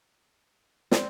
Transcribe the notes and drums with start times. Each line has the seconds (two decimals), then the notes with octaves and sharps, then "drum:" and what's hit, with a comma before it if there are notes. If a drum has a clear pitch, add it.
0.92 C4 D5, drum: snare